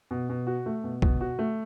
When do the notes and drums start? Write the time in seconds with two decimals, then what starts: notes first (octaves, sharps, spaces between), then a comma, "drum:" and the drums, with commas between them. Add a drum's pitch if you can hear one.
0.11 B2
0.30 B2
0.47 F#4
0.66 A3
0.84 B2
1.02 B2, drum: kick
1.21 F#4
1.39 A3